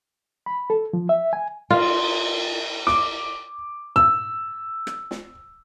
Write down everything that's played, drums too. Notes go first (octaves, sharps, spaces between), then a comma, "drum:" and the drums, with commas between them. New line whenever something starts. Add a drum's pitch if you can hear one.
B5
A4
F3
E5
G#5
F4, drum: cymbal
D6, drum: snare
E6, drum: tom
drum: rim click
drum: snare